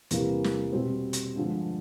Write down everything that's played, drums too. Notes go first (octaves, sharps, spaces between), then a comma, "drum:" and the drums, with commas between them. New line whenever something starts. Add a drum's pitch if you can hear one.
E2 C3 E3 G3 A#3, drum: hi-hat
drum: snare
B2 G3 C4
drum: hi-hat
G2 D3 F3 G#3